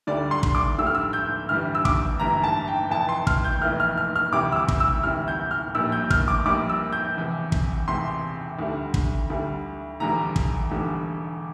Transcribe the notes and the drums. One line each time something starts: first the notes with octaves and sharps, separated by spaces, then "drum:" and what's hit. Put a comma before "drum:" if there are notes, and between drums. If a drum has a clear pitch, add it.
D2 D3 G3 D5
C6
drum: kick
D6
D2 D3 G3 E6
F6
E6
G6
G1 G2 E3 G3 F6
E6
D6, drum: kick
G1 G2 E3 G3 A#5
A5
G5
F1 F2 E3 A5
C6
F6, drum: kick
G6
F1 F2 E3 F6
F6
F6
F6
D2 C3 E3 G3 D6
E6
D6
drum: kick
E6
D2 C3 E3 G3 F6
G6
F6
A#1 A#2 G3 E6
G6
F6, drum: kick
D6
A#1 A#2 G3 D6
E6
G6
E1 E2 C3
drum: kick
E1 E2 C3 C6
D2 D3 G3
drum: kick
D2 D3 G3
E1 E2 D3 G3 A#5
drum: kick
E1 E2 D3 G3